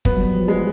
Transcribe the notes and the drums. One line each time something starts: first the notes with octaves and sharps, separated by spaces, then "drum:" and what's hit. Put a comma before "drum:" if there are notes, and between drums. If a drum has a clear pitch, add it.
F#3 B3, drum: kick
G3
F#3
F3
G#3